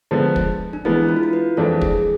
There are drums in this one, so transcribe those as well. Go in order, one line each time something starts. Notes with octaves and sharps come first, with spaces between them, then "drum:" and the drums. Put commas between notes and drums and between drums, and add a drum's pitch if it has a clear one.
D3 F3 G#3 B3
drum: kick
D4
E3 G#3 B3 E4
F4
E4
F4
B4
F2 E3 G#3 D4 A4
G#4, drum: kick